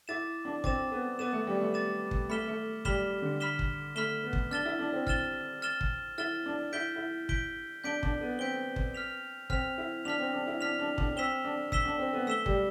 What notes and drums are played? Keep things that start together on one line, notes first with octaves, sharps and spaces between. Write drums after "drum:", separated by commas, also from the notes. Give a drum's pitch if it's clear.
E4 D6 A6 E7
D4
C4 D6 A6 E7, drum: kick
B3
B3 D6 A6 E7
A3
G3
A3
D6 A6 E7
drum: kick
A3 B5 F6 B6 E7 G7
A3
G3 B5 F6 B6 E7 G7, drum: kick
D3
B5 F6 B6 E7 G7
drum: kick
A3 B5 F6 B6 E7 G7
B3
drum: kick
D4 F6 A6 E7 G7
E4
D4
C4
F6 A6 E7 G7, drum: kick
F6 A6 E7 G7
drum: kick
E4 F6 A6 E7 G7
D4
E4 G6 B6 D7 G7
E4
G6 B6 D7 G7, drum: kick
D4 G6 B6 D7 G7
D4, drum: kick
B3
C4 G6 B6 D7 G7
drum: kick
F6 B6 F7
C4 F6 B6 F7, drum: kick
E4
D4 F6 B6 F7
C4
D4
E4
D4 F6 B6 F7
D4
D4, drum: kick
C4 E6 B6 E7 G7
D4
E6 B6 E7 G7, drum: kick
D4
C4
B3
A3 E6 B6 E7 G7
G3, drum: kick